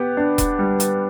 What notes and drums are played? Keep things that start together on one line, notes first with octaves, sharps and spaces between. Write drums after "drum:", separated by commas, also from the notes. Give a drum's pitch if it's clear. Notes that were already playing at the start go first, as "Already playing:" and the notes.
Already playing: B3 G4
D4
drum: kick E1, hi-hat
G3
drum: hi-hat